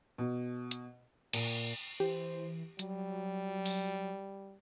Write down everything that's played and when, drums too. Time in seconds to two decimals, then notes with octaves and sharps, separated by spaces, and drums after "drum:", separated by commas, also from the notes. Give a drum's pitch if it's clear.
0.18 B2
0.71 drum: hi-hat
1.33 A#2, drum: cymbal
2.00 E3 G4 C5
2.79 F#3 G3, drum: hi-hat
3.66 drum: open hi-hat